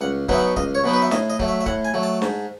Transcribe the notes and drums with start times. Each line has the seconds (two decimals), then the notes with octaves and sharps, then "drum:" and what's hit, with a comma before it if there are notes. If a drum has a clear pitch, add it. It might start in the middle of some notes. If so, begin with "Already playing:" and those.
0.01 C#2 F#5
0.29 B2 F#3 B3 D#4 E5, drum: kick C#1
0.38 F#5
0.56 C#2 D#5, drum: kick C#1
0.75 C#5
0.84 B2 F#3 B3 D#4
0.93 B4
1.02 E5
1.11 A2 D#5, drum: snare
1.30 D#5
1.39 F#3 A3, drum: kick C#1
1.48 E5
1.61 E5
1.66 A2 F#5, drum: kick C#1
1.85 G#5
1.94 F#3 A3
2.03 A5
2.22 G#2, drum: snare